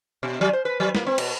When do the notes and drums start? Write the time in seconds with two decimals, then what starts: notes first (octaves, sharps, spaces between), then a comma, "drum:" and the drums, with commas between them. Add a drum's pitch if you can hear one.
0.23 B2
0.41 F#3
0.53 C5
0.65 B4
0.80 F#3
0.95 A#3, drum: snare
1.06 C4
1.18 B2, drum: cymbal